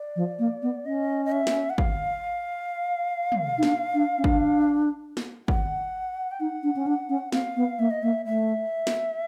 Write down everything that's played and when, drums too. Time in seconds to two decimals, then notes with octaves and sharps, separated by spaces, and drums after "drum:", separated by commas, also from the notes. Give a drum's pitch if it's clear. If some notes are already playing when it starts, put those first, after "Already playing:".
Already playing: D5
0.16 F3
0.39 A#3
0.62 B3
0.85 C#4 D#5
1.25 D#5
1.32 E5
1.47 drum: snare
1.70 F#5
1.78 F5, drum: kick
3.32 drum: tom
3.58 D#4
3.63 D4, drum: snare
3.94 D4
4.18 C#4
4.24 D4, drum: kick
5.17 drum: snare
5.48 F#5, drum: kick
6.31 G5
6.40 D#4 F#5
6.63 D4
6.76 C#4
6.86 D4
7.09 C#4
7.32 C4 F5, drum: snare
7.56 B3
7.79 A#3 E5
7.90 D#5
8.02 A#3 E5
8.25 A3 E5
8.87 drum: snare